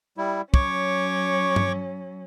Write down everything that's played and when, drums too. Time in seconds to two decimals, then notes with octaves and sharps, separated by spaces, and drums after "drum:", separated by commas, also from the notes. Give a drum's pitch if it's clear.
0.17 G3 E4
0.54 F#3 C#4 C#5 C#6 D6, drum: kick
1.56 drum: tom G2